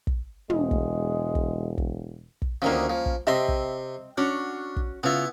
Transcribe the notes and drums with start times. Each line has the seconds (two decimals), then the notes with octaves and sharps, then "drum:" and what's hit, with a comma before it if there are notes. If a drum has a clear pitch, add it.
0.07 drum: kick
0.50 E1 G#3, drum: tom
0.71 drum: kick
1.35 drum: kick
1.78 drum: kick
2.42 drum: kick
2.62 D2 D#3 F3 A#3 C#4
2.90 F3
3.06 drum: kick
3.27 C3 C4 D#5 E5 C6
3.48 drum: kick
4.18 C#4 D4 F#4
4.76 drum: kick
5.03 C#3 B3 E4 F4